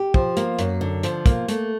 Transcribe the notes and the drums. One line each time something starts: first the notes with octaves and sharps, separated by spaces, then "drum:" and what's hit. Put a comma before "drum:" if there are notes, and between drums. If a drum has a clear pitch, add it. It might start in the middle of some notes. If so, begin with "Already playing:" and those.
Already playing: G4
F3, drum: kick
A#3, drum: hi-hat
F#2, drum: hi-hat
D3
F3, drum: hi-hat
A#3, drum: kick, hi-hat
A3, drum: hi-hat